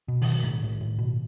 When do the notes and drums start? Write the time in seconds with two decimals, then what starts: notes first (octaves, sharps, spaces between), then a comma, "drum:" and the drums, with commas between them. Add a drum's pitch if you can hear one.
0.08 B2
0.22 D3, drum: open hi-hat
0.25 B2 D#3
0.44 A2 D#3
0.63 A2
0.81 A2
0.98 B2